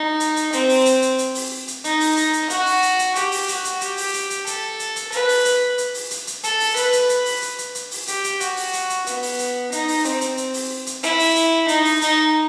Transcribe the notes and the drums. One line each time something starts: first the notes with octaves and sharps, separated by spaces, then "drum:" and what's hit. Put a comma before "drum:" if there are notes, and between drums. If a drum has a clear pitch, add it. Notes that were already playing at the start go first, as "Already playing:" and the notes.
Already playing: D#4
drum: hi-hat
drum: hi-hat
C4, drum: hi-hat
drum: open hi-hat
drum: hi-hat
drum: hi-hat
drum: hi-hat
drum: open hi-hat
drum: hi-hat
D#4, drum: hi-hat
drum: open hi-hat
drum: hi-hat
drum: hi-hat
F#4, drum: hi-hat
drum: open hi-hat
drum: hi-hat
drum: hi-hat
G4, drum: hi-hat
drum: open hi-hat
F#4, drum: hi-hat
drum: hi-hat
G4, drum: hi-hat
drum: open hi-hat
drum: hi-hat
drum: hi-hat
A4, drum: hi-hat
drum: hi-hat
drum: hi-hat
B4, drum: hi-hat
drum: open hi-hat
drum: hi-hat
drum: hi-hat
drum: open hi-hat
drum: hi-hat
drum: hi-hat
A4, drum: hi-hat
drum: open hi-hat
B4, drum: hi-hat
drum: hi-hat
drum: hi-hat
drum: open hi-hat
drum: hi-hat
drum: hi-hat
drum: hi-hat
drum: open hi-hat
G4, drum: hi-hat
drum: hi-hat
F#4, drum: hi-hat
drum: open hi-hat
drum: hi-hat
drum: hi-hat
B3, drum: hi-hat
drum: open hi-hat
drum: hi-hat
D#4, drum: hi-hat
drum: open hi-hat
C4, drum: hi-hat
drum: hi-hat
drum: hi-hat
drum: open hi-hat
drum: hi-hat
E4, drum: hi-hat
drum: open hi-hat
drum: hi-hat
D#4, drum: hi-hat
drum: open hi-hat
D#4, drum: hi-hat